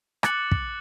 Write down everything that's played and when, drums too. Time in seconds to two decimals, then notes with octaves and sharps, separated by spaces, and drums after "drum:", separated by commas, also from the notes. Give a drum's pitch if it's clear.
0.23 D6 F#6 A6 C#7 F#7, drum: rim click
0.51 drum: kick